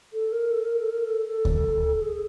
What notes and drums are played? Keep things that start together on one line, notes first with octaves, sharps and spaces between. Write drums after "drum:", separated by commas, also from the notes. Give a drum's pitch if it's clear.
A4
A#4
A4
A#4
A4
A#4
A4
A4
drum: kick D2
G#4